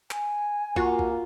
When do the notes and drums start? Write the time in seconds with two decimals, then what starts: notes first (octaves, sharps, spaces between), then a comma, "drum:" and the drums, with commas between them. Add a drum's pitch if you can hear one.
0.11 G#5, drum: clap
0.76 A#3 F4 F#4, drum: kick
0.99 drum: kick